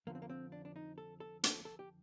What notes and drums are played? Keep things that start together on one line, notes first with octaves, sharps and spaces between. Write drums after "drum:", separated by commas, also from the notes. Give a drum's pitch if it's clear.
F2 D3 F3 A#3
C4
A#3
C4
D4
D4
D#4
A4
A4
A4, drum: hi-hat
A4
G4